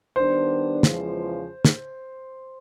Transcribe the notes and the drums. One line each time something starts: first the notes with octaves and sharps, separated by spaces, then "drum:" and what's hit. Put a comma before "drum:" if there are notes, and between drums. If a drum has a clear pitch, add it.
D#3 G3 B3 D4 C5
E2 C#3 F3 G#3, drum: snare
drum: snare